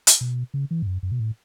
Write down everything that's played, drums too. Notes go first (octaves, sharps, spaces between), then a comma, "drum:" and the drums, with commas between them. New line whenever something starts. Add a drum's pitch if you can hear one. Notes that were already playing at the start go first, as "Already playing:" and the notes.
drum: hi-hat
B2
C#3
E3
G#2
F#2
F#2
B2
A2